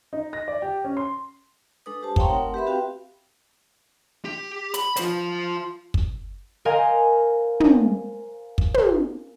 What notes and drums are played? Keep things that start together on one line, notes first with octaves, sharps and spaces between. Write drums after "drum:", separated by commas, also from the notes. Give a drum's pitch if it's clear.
D#4
A#6
D5
G4
C#4
C6
G#3 D4 A4 B4 D#6
G4 C5 A5
C#5 F5 G5 A#5 C6 C#6, drum: kick
A3 C4 D#4 A#4 F#5 C6
G4 B4 E5 B5
C4 F#4 G4 F5 G5
G4
B5, drum: hi-hat
F4 C5, drum: hi-hat
drum: kick
A#4 C5 D#5 F5 G5 G#5
drum: tom
drum: kick
drum: tom